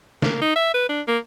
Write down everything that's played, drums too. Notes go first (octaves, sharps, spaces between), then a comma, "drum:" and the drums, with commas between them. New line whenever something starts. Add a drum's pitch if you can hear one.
A#3, drum: snare
D#4
E5
B4
D4
A#3